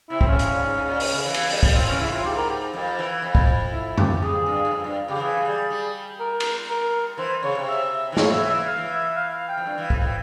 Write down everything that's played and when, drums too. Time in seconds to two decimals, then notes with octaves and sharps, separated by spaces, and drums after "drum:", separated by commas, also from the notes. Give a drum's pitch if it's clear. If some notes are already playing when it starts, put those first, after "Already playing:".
0.10 C3 E4
0.21 C4, drum: kick
0.26 C#3 C#4
0.39 C3, drum: hi-hat
0.51 A#2
0.64 G#2
0.75 G#2
0.88 A#2
1.00 C3, drum: open hi-hat
1.13 C#3
1.25 E3
1.34 drum: cymbal
1.50 G3, drum: open hi-hat
1.63 G3, drum: kick
1.75 F3 C4
1.86 E3 C#4
2.00 C#3 E4
2.11 C3 F4
2.24 G#2 G4
2.36 A#4
2.49 G4
2.73 F2
2.99 E3
3.22 F2
3.35 drum: kick
3.72 E4
3.98 G4, drum: tom
4.22 F2 G#4
4.46 G2
4.65 G2
4.71 F2
4.84 G2
5.08 C#3 G4
5.16 F3
5.20 E3 G#4
5.41 G#3
5.45 G3
5.70 G3
6.19 A#4
6.40 drum: cymbal
6.69 A#4
7.18 E3 C5
7.43 C#3 C#5
7.55 C3
7.68 E5
8.12 E3
8.17 F2 C#5, drum: snare
8.33 E3 E5
8.50 E3 E5
8.66 F5
8.77 E3
8.91 E5
9.16 F5
9.32 F5
9.48 G5
9.57 F2
9.66 G2
9.78 E3
9.90 F2, drum: kick
10.02 E3